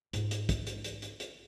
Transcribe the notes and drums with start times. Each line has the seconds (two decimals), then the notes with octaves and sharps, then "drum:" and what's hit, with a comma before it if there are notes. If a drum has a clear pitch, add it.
0.13 G#2 F4, drum: hi-hat
0.31 drum: hi-hat
0.49 drum: kick, hi-hat
0.67 drum: hi-hat
0.84 drum: hi-hat
1.02 drum: hi-hat
1.20 drum: hi-hat